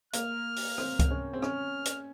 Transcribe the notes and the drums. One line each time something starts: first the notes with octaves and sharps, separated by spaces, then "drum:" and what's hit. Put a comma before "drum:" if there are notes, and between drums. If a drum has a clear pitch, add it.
A#3 F6, drum: hi-hat
drum: open hi-hat
C4, drum: rim click
drum: kick C#2, hi-hat
C#4
C4
C#4 F6, drum: rim click
drum: hi-hat